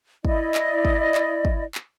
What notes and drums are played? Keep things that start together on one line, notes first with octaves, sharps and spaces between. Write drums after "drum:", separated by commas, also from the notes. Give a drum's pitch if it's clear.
E4 D5 D#5, drum: kick
drum: clap
drum: kick
drum: clap
drum: kick
drum: clap